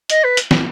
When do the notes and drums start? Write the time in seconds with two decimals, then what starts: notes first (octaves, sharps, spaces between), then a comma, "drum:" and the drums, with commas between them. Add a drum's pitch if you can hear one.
0.10 D#5, drum: hi-hat
0.23 B4
0.37 drum: hi-hat
0.51 drum: snare